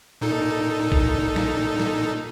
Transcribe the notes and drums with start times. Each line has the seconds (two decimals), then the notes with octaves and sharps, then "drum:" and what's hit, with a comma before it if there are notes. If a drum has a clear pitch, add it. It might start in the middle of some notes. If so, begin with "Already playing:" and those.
0.21 A#2 D#4 A4
0.92 drum: kick A#1
1.36 drum: snare
1.80 drum: snare